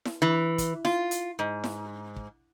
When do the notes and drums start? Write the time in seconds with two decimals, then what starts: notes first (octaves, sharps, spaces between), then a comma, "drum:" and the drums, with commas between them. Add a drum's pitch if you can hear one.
0.06 drum: snare E4
0.22 E3
0.58 drum: kick, hi-hat
0.85 F4, drum: snare E4
1.11 drum: hi-hat
1.39 G#2
1.64 drum: snare E4
2.16 drum: kick